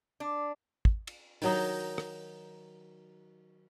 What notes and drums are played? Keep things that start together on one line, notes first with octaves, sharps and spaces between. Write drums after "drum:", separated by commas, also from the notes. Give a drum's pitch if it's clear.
D4
drum: kick
drum: cymbal
D#3 F#3 D#4, drum: open hi-hat
drum: rim click